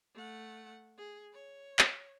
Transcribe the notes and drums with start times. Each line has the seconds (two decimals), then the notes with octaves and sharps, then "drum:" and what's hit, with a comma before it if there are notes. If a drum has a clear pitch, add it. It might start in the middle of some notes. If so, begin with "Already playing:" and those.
0.15 A3 F#5
0.97 G#4
1.33 C#5
1.79 drum: clap